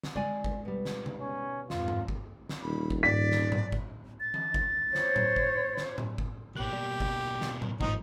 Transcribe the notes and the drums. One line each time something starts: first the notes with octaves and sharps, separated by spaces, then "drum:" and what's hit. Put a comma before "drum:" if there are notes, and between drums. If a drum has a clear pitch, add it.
drum: snare
G#3 D5 G#5
drum: kick
B2 G3
drum: snare
drum: tom C3
C#4
F2 G#2 F4, drum: snare
drum: tom G2
drum: kick
drum: snare
D#1 B5
drum: kick
G#2 F3 D5 B6
drum: snare
drum: tom A2
drum: kick
A6
drum: tom E3
drum: kick
C5 C#5, drum: snare
drum: tom A2
drum: kick
drum: snare
drum: tom A2
drum: kick
A1 B2 A#3 G4 F#6
G3
drum: kick
drum: snare
drum: tom A2
A1 D#2 G#2 F3 D#4, drum: kick